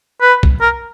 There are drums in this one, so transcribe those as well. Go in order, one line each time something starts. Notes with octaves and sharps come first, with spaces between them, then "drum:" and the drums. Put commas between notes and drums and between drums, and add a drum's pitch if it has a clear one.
B4
drum: kick
A#4